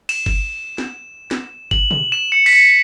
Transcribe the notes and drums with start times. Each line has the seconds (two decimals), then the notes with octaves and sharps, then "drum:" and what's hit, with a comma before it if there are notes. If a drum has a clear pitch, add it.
0.09 E7, drum: cymbal
0.26 drum: kick G1
0.78 drum: snare
1.31 drum: snare
1.71 F#7, drum: kick G1
1.91 F#7, drum: tom
2.12 E7
2.32 C#7
2.46 B6, drum: cymbal
2.53 C#7